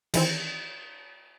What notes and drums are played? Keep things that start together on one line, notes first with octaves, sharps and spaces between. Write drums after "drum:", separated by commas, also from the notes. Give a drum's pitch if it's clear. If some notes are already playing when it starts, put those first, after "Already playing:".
D#3 E3 C4, drum: cymbal